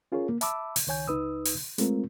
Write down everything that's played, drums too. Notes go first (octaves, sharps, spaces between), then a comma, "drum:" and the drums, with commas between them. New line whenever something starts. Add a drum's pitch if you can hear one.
C#4 F4 G#4 A#4 C#5
A#3
E5 A5 B5 D6 E6, drum: hi-hat
drum: open hi-hat
C#2 D#3 C#5 G#5 G6
C#2 D#4 B4 D#6 E6
drum: open hi-hat
G#3 A3 C4 F4 A#4, drum: hi-hat